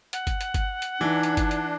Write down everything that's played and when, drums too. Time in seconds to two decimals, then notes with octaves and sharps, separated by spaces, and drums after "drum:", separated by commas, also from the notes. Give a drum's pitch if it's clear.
0.13 F#5, drum: hi-hat
0.27 drum: kick G1, hi-hat
0.41 drum: hi-hat
0.54 drum: kick G1, hi-hat
0.82 drum: hi-hat
1.01 E3 D4 D#4
1.23 drum: hi-hat
1.37 drum: kick G1, hi-hat
1.51 drum: hi-hat